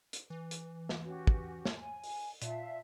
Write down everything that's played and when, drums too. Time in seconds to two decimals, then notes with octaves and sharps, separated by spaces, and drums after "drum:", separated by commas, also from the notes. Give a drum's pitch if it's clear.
0.13 drum: hi-hat
0.30 E3
0.51 drum: hi-hat
0.89 drum: snare
1.04 C#4 F#4 G4
1.27 drum: kick
1.65 drum: snare
1.75 G#5
2.04 drum: open hi-hat
2.42 A#2 E5 F5 A5, drum: hi-hat